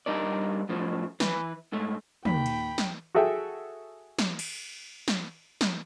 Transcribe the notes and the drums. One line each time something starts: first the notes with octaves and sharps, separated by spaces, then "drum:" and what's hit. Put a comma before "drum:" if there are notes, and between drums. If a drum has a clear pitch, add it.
G2 G3 D#4 A#4 D5
F#2 A2 F3
E3 B4, drum: snare
G#2 A3
D#2 G5 B5, drum: tom
drum: cymbal
drum: snare
F#4 G#4 A4 E5 G5
drum: snare
drum: cymbal
drum: snare
drum: snare